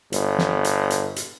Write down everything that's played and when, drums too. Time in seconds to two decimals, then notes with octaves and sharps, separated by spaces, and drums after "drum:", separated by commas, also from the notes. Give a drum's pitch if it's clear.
0.12 G1, drum: hi-hat
0.38 drum: snare
0.64 drum: hi-hat
0.90 drum: hi-hat
1.16 drum: hi-hat